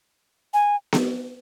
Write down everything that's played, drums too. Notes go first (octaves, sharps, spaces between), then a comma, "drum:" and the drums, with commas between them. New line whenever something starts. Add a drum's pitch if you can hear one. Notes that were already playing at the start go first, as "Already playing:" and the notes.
G#5
drum: snare B3